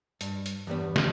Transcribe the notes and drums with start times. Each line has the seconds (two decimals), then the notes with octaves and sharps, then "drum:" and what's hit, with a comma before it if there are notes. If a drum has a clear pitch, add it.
0.21 G2, drum: hi-hat
0.46 drum: hi-hat
0.67 E2 G2 G3 B3
0.96 drum: snare